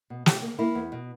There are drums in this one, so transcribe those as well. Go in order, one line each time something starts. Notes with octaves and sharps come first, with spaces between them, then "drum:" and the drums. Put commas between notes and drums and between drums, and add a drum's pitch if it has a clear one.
B2
B2 G4, drum: snare
A#3
A#3 E4
E2
B2